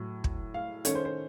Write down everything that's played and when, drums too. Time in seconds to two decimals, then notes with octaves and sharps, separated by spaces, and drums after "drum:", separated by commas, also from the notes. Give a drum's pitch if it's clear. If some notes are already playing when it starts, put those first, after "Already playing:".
Already playing: A2 F#3
0.24 drum: kick
0.54 F5
0.85 D#3 A3 C#4 C#5, drum: hi-hat
0.95 C5
1.05 C5